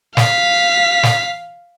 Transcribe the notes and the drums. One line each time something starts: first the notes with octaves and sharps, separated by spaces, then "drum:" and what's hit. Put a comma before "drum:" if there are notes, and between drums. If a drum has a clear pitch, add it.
F5 B6, drum: snare
drum: snare